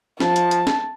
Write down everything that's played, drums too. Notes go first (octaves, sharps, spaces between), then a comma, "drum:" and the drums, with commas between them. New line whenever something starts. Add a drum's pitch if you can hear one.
F3 A5, drum: snare
drum: hi-hat
drum: hi-hat
drum: snare